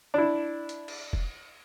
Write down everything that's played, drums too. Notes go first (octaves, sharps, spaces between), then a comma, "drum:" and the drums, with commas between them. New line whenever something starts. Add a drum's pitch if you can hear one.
D4 E4
drum: hi-hat
drum: cymbal
drum: kick F1